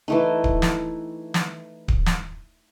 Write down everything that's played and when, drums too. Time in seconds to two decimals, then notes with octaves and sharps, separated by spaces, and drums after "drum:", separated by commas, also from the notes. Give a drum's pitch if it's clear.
0.08 E3 A3 D#4
0.44 drum: kick D1
0.62 drum: snare
1.34 drum: snare
1.88 drum: kick D1
2.06 drum: snare